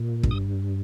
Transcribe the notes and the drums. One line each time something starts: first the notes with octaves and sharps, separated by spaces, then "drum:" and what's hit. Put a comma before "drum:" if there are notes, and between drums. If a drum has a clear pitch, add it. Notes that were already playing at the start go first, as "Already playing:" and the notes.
Already playing: A#2
G2, drum: kick
D#6